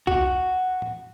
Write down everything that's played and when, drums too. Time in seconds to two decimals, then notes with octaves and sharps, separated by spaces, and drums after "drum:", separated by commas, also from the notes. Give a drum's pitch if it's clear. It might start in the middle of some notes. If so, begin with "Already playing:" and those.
0.07 F#4, drum: kick C2
0.82 drum: tom